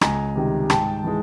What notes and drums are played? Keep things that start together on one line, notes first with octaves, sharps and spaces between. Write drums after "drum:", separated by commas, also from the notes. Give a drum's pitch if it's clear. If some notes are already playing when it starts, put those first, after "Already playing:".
C#2 G#5 A#5, drum: rim click
C3 D#3 G3
G#2 G5 A5, drum: rim click
E3 G#3